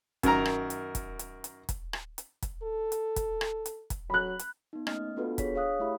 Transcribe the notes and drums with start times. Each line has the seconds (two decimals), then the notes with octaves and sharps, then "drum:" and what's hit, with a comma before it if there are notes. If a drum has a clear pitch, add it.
0.23 F#2 D#3 A#4 A#5, drum: kick E1, hi-hat
0.45 drum: rim click
0.70 drum: hi-hat
0.95 drum: kick E1, hi-hat
1.19 drum: hi-hat
1.44 drum: hi-hat
1.69 drum: kick E1, hi-hat
1.93 drum: rim click
2.18 drum: hi-hat
2.42 drum: kick E1, hi-hat
2.63 A4
2.92 drum: hi-hat
3.16 drum: kick E1, hi-hat
3.41 drum: rim click
3.66 drum: hi-hat
3.90 drum: kick E1, hi-hat
4.10 F#3 B5 F#6
4.39 drum: hi-hat
4.73 B3 D#4
4.87 A3 A#3 C#4 D#5 F6, drum: rim click
5.16 B3 D4 F4 F#4 A4 B4
5.38 D4 G#4 C#5 B6, drum: kick E1, hi-hat
5.55 G#4 C#5 F5 D#6 F#6
5.80 A3 E4 G4 E5 B5